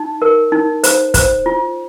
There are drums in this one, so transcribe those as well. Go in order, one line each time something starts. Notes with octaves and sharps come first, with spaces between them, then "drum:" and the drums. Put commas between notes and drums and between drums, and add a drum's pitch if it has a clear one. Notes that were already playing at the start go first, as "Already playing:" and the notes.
Already playing: D#4
A#4
D#4
C5, drum: hi-hat
C5, drum: kick, hi-hat
F4